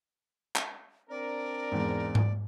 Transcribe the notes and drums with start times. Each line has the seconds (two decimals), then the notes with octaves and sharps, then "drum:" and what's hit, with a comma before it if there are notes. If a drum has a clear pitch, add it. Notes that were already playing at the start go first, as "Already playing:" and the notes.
0.56 drum: clap
1.10 C4 D4 A#4 D5
1.72 E2 G#2
2.15 drum: tom G#2